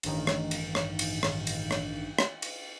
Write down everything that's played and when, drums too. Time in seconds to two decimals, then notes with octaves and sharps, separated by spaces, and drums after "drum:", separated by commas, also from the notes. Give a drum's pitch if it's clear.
0.03 A1 G2 D#3, drum: cymbal
0.27 drum: rim click
0.51 drum: cymbal
0.75 drum: rim click
0.99 drum: cymbal
1.23 drum: rim click
1.47 drum: cymbal
1.71 drum: rim click
2.19 drum: rim click
2.42 drum: cymbal